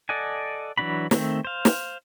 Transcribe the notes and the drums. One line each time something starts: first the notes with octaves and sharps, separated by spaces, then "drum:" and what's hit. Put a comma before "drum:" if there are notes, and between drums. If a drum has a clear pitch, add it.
A4 D5 D#5 F#5 G#5
E3 F#3 D4 F#4 B5
D#3 A3 C4, drum: snare
C5 F5
drum: snare